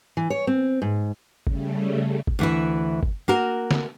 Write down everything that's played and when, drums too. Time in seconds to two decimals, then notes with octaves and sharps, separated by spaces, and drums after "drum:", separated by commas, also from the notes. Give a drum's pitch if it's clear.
0.17 E3
0.30 C#5
0.47 C4
0.82 G#2
1.47 C#3 G3 A3, drum: kick G1
2.27 drum: kick G1
2.39 D2 E3 E4
3.03 drum: kick G1
3.28 A#3 F#4 A#4
3.71 drum: snare